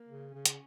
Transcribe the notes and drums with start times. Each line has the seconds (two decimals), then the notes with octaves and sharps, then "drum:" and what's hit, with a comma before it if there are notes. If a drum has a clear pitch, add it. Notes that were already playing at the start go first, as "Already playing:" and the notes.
Already playing: A#3
0.08 C#3
0.34 C#3 C#4
0.46 drum: hi-hat